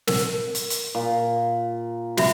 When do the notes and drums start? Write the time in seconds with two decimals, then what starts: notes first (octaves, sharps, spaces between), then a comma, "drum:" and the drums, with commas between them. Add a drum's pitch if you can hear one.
0.07 A#4, drum: snare
0.55 drum: hi-hat
0.70 drum: hi-hat
0.95 A#2
2.17 F#4 E5 B5, drum: snare